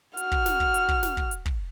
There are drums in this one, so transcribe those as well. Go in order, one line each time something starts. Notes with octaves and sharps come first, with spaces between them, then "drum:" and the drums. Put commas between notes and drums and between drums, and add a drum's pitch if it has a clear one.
F#4 F6, drum: hi-hat
drum: kick
drum: snare
drum: kick
drum: hi-hat
drum: kick
drum: snare
drum: kick
drum: hi-hat
drum: kick